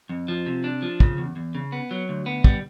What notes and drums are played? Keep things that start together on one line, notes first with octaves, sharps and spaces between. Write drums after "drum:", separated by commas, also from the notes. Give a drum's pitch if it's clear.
F2
F3
C3
D4
F3
C#3, drum: kick
E2
E2
C#3
B3
F#3
D2
B3
G3, drum: kick